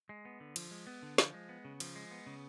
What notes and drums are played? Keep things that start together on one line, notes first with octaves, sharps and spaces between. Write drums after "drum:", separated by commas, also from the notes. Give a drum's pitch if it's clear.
G#3
B3
D3
F3, drum: cymbal
G#3
B3
D3
F3, drum: snare
G#3
B3
C#3
F3, drum: cymbal
G#3
B3
C#3